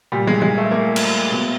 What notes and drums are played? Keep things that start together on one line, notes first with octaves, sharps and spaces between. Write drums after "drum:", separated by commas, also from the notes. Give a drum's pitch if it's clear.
A#2 G3
G#3
G#3
A3
A#3
drum: cymbal
B2